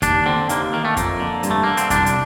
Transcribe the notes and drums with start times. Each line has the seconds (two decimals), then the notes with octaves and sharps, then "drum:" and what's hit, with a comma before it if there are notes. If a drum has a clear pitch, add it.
0.02 D#2 D4, drum: kick F2, hi-hat
0.26 D3 C4
0.49 D#2 A#3, drum: hi-hat
0.73 D#3 A#3
0.85 A3
0.97 F2 A#3, drum: kick F2, hi-hat
1.20 D3
1.43 G2, drum: hi-hat
1.51 A3
1.63 D3 A#3
1.77 C4, drum: hi-hat
1.90 C2 D4, drum: kick F2, hi-hat
2.06 drum: hi-hat